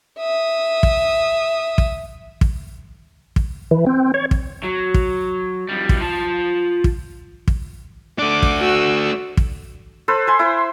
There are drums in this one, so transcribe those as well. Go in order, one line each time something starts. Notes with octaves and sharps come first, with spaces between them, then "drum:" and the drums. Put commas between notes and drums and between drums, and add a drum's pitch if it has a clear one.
E5 D#6
drum: kick
drum: kick
drum: kick
drum: kick
E3
C4
C#5
drum: kick
F#3
drum: kick
F2 G3
drum: kick
F4 A5
drum: kick
drum: kick
A3 D4 D6
drum: kick
F#4 E6
drum: kick
A4 B4 C5
B4 G#5 C6
E4 C5